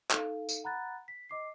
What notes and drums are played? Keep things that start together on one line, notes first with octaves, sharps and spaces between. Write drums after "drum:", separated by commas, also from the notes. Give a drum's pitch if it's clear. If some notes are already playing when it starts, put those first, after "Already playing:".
D#4 A4 F5, drum: clap
drum: tambourine
F#5 A#5 B5 F#6 A6
B6
D#5 D6 C7